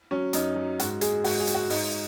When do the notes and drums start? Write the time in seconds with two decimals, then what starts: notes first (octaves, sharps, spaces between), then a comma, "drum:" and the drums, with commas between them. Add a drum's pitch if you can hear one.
0.11 F#3 C#4
0.33 F#2 D#4, drum: hi-hat
0.56 F#3
0.80 G#2 F#4, drum: hi-hat
1.01 G#3 G#4, drum: hi-hat
1.24 G#2 F#4, drum: open hi-hat
1.40 G#4
1.47 G#3, drum: hi-hat
1.55 F#4
1.70 G#2 D#4, drum: open hi-hat